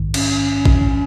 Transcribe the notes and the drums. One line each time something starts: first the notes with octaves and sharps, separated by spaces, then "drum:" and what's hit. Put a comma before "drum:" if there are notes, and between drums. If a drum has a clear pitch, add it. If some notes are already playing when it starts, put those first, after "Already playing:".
Already playing: A#1 G#2 D#3
C#4, drum: cymbal
drum: kick A1